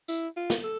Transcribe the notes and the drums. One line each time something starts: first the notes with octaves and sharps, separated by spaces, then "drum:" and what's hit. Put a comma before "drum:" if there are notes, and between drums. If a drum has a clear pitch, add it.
E4, drum: tambourine
F4
drum: snare
A4